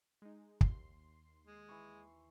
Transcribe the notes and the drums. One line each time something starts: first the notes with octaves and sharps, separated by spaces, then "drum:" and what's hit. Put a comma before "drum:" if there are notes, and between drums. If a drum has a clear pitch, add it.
G#3 D#4
D#2 C6 C7, drum: kick
G#3
E3 C#6